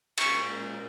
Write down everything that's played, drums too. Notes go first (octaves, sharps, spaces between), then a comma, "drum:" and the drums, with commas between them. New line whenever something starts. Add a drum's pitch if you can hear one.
A#2 G#3 C#4 F4 A#4 C#6, drum: cymbal